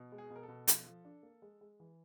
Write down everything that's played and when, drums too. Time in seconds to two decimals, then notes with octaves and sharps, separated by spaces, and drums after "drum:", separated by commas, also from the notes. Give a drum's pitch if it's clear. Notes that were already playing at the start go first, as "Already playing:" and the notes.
Already playing: B2
0.12 G#3
0.18 G#4
0.30 B2
0.36 A#4
0.43 A4
0.48 B2
0.68 F3, drum: hi-hat
0.86 F3
1.05 D4
1.23 A#3
1.42 G#3
1.61 G#3
1.80 E3